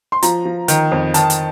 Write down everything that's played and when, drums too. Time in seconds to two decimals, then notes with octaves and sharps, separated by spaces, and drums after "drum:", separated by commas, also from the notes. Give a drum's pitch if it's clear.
0.12 C6
0.23 F3 A#5, drum: hi-hat
0.45 F3
0.68 D#3, drum: hi-hat
0.92 F2
1.14 D#3 A5, drum: hi-hat
1.30 drum: hi-hat